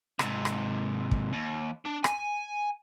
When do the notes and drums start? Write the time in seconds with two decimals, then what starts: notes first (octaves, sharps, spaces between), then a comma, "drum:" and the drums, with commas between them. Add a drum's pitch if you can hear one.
0.19 G#2 C3, drum: rim click
0.45 drum: rim click
1.11 drum: kick
1.33 D#2
1.86 D4
2.04 G#5, drum: rim click